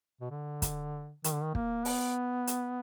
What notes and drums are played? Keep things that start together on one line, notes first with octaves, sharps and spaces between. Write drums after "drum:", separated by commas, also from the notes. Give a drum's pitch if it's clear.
B2
D3
drum: kick, hi-hat
D#3, drum: hi-hat
D3
D#3
A#3, drum: kick
B3, drum: open hi-hat
drum: hi-hat